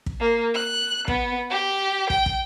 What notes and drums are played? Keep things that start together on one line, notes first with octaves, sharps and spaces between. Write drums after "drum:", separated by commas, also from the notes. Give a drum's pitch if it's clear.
drum: kick
A#3
F#6
B3, drum: kick
G4
G5, drum: kick
drum: kick